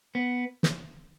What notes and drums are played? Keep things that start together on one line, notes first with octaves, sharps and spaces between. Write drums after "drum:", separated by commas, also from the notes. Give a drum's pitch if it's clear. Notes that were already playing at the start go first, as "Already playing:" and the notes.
B3
drum: snare